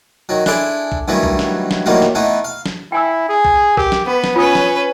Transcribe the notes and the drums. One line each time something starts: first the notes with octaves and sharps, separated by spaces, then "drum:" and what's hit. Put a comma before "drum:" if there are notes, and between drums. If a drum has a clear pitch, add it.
D#3 F#3
D4 E4 G#4 A4 C6 D6, drum: snare
drum: kick B1
G2 D#3 E3 F#3 A3
drum: kick B1
drum: snare
drum: snare
A2 D#3 E3 F#3 G3 A#3
drum: snare
E3 A3 B3 D#4
F5
drum: snare
E4 G5 G#5 E6
G#4
drum: kick B1
G4 A#4, drum: kick B1
drum: snare
B3 B4
drum: snare
C#4 F4 B4 D#6
drum: snare